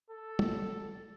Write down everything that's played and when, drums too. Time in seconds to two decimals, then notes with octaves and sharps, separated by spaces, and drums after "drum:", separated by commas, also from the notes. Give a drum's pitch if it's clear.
0.10 A4
0.39 drum: tom